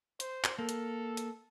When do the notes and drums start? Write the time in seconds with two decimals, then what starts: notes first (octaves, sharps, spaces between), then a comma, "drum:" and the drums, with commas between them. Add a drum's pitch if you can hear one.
0.20 C5, drum: hi-hat
0.44 drum: clap
0.59 A#3 A4
0.69 drum: hi-hat
1.17 drum: hi-hat